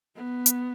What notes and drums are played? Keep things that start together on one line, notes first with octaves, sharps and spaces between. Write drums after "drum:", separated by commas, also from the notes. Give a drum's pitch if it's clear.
B3
drum: hi-hat